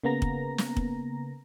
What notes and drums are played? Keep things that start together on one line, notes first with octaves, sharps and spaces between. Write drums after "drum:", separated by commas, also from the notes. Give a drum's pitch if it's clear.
C#3 A#3 B3 A#5 A#6
drum: kick
drum: snare
drum: kick